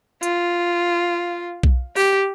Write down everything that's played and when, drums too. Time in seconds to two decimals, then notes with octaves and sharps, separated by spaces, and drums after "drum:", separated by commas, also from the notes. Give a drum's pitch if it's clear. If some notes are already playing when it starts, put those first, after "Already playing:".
0.23 F4, drum: hi-hat
1.63 drum: kick B1
1.96 G4, drum: open hi-hat